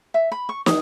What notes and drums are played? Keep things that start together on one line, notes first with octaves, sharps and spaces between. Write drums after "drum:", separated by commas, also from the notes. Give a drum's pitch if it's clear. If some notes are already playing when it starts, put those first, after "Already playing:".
E5
B5
C#6
D#6, drum: snare